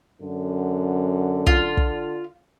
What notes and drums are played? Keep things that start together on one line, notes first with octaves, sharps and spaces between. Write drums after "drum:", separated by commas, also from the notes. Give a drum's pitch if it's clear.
F#2 D3
F4, drum: kick
drum: kick